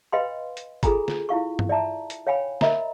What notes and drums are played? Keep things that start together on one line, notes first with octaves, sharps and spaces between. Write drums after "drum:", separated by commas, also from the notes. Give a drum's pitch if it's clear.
B4 D#5 F5 G5 B5 C6
drum: hi-hat
F4 G#4 A4 G#5 A#5 B5, drum: kick, hi-hat
drum: snare
E4 F4 F5 C#6
drum: tom G2
D5 E5 A5 A#5
drum: hi-hat
C#5 F5 G5 G#5 B5
A#4 D#5 E5 A#5 B5, drum: snare